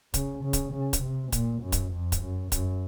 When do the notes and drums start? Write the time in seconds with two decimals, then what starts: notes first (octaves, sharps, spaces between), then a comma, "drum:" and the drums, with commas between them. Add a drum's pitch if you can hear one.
0.14 C#3, drum: kick D1, hi-hat
0.44 C#3
0.53 drum: kick D1, hi-hat
0.72 C#3
0.93 drum: kick D1, hi-hat
1.03 C3
1.32 A#2, drum: kick D1, hi-hat
1.62 F#2
1.72 drum: kick D1, hi-hat
1.92 F2
2.12 drum: kick D1, hi-hat
2.22 F#2
2.52 F#2, drum: kick D1, hi-hat